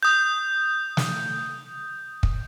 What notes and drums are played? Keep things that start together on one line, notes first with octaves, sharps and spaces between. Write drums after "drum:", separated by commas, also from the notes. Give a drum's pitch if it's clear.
D#6 G6
drum: snare
drum: kick